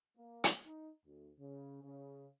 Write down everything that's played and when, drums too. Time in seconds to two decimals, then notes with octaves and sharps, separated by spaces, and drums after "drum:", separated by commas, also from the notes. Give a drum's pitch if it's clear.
0.17 A#3
0.44 drum: hi-hat
0.66 D#4
1.06 D2
1.39 C#3
1.83 C#3